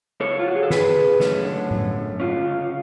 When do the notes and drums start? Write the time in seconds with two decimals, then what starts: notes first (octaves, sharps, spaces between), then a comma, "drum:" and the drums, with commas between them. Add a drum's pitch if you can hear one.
0.20 C#3 A4 C#5
0.39 F4
0.46 F2 F#4
0.55 G#4
0.63 A4
0.70 C#3 G#4 B4, drum: snare
0.96 C#3
1.20 F#2 A3 C#4, drum: snare
1.45 D3
1.71 F#2, drum: tom A2
1.95 F#2
2.20 D2 C#4 F4
2.45 C#3